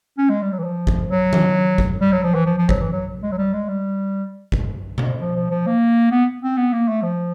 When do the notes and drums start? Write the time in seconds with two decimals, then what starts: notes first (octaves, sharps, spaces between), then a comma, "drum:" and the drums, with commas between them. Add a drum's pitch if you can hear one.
0.18 C#4
0.30 G#3
0.42 G3
0.53 F#3
0.59 E3
0.64 F3
0.87 drum: kick G1
1.10 F#3
1.33 drum: tom D#3
1.78 drum: kick G1
2.01 G3
2.13 F#3
2.24 F3
2.35 E3
2.46 F3
2.58 F3
2.69 F#3, drum: kick G1
2.82 E3
2.92 F#3
3.23 G#3
3.32 F#3
3.38 G3
3.53 G#3
3.69 G3
4.52 drum: kick G1
4.98 drum: tom B2
5.21 F3
5.36 F3
5.51 F3
5.67 A#3
6.12 B3
6.42 C4
6.57 B3
6.73 A#3
6.89 A3
7.03 F3